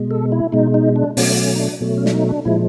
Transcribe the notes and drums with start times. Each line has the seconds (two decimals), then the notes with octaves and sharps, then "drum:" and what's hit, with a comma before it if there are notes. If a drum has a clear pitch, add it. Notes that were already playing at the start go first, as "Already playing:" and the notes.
Already playing: B2 G#3
0.11 A4
0.32 E4
0.52 B2 G#3 D#4
0.74 D#4
0.96 D4
1.17 B2 F#3 A3 C#4, drum: open hi-hat
1.38 C#4
1.56 D#4
1.60 D4
1.81 B2 F#3 A3
1.98 C#4
2.06 D4, drum: snare
2.13 D#4
2.29 D4
2.45 A#2 F3 G#3 E4